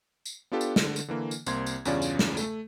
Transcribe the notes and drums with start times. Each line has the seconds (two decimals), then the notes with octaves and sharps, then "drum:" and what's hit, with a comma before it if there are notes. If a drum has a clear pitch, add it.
0.26 drum: tambourine
0.52 B3 D4 F4 G4 A4
0.61 drum: tambourine
0.76 D3, drum: snare
0.96 drum: tambourine
1.08 D3 E3 A#3
1.31 drum: tambourine
1.46 C2 A#3 C4 C6 G#6, drum: tambourine
1.66 drum: tambourine
1.85 E2 G2 C#3 C#4 F4 D5, drum: tambourine
2.02 drum: tambourine
2.19 drum: snare
2.37 A3, drum: tambourine